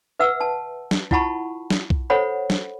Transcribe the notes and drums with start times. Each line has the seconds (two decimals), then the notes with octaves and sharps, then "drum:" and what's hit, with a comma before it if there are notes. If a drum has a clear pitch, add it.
0.20 B4 E5 F#5 E6
0.41 A5
0.91 drum: snare
1.11 E4 F4 F#5 A5 B5 C#6, drum: kick B1
1.70 drum: snare
1.90 drum: kick B1
2.10 A4 C5 C#5 F#5 B5
2.50 drum: snare